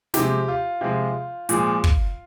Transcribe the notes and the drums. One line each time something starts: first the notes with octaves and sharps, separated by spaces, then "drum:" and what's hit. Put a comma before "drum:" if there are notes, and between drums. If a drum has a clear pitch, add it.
C3 F3 G#3 G4, drum: snare
F4
C3 F3 G#3
A#2 F3 G#3, drum: hi-hat
drum: kick